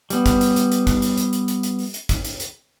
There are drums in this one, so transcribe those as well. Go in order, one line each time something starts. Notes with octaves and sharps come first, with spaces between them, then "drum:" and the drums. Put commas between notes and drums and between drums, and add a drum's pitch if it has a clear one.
G3 B3, drum: hi-hat
drum: kick, hi-hat
drum: hi-hat
drum: hi-hat
drum: hi-hat
drum: kick, hi-hat
drum: hi-hat
drum: hi-hat
drum: hi-hat
drum: hi-hat
drum: hi-hat
drum: open hi-hat
drum: hi-hat
drum: kick, hi-hat
drum: hi-hat
drum: hi-hat